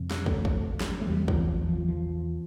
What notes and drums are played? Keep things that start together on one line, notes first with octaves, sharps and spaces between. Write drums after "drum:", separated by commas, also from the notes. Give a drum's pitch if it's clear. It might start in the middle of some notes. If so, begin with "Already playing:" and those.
Already playing: F2 C3
drum: snare
A3, drum: kick
drum: kick
drum: snare
A3
E2 C3 G3
F3, drum: kick
F3
F3
F3